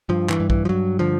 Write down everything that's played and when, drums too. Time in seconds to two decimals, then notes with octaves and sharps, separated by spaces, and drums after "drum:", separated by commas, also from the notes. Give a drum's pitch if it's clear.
0.09 G2 F3
0.30 E3, drum: clap
0.40 G2
0.50 E3, drum: kick
0.65 F3
0.69 G2 F#3
0.99 D3 F3